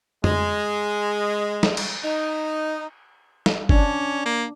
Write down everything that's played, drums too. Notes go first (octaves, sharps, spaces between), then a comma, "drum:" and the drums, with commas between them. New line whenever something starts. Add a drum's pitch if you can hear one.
G#3, drum: tom F2
drum: snare
drum: cymbal
D#4
drum: snare
C#4 D4, drum: kick
A#3